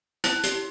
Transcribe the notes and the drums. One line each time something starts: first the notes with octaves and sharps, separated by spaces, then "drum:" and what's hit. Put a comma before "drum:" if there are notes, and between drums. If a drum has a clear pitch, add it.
E4, drum: hi-hat
G4, drum: hi-hat